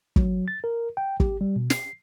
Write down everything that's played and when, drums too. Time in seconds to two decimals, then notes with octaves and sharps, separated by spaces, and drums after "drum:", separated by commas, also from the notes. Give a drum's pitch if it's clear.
0.16 F#3, drum: kick
0.48 A6
0.64 A#4
0.97 G5
1.20 G4, drum: kick
1.41 G3
1.56 B2
1.70 C7, drum: snare